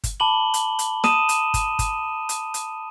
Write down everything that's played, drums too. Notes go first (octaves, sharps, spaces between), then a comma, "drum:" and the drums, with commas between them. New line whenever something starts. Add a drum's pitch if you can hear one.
drum: kick G1, hi-hat
A5 B5 D6 F#7 G7
drum: hi-hat
drum: hi-hat
A5 D#6 D#7 E7, drum: snare
drum: hi-hat
drum: kick G1, hi-hat
drum: kick G1, hi-hat
drum: hi-hat
drum: hi-hat